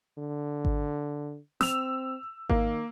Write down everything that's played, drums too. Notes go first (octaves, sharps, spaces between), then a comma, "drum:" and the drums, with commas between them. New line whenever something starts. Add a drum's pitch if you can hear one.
D3
drum: kick G#1
C4 E6 F7, drum: snare
D#3 A#3, drum: kick G#1